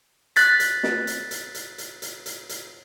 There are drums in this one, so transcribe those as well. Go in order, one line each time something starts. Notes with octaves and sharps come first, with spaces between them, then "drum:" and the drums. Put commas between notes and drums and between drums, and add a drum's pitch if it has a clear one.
F#6 A6 B6, drum: hi-hat
drum: hi-hat
drum: snare
drum: hi-hat
drum: hi-hat
drum: hi-hat
drum: hi-hat
drum: hi-hat
drum: hi-hat
drum: hi-hat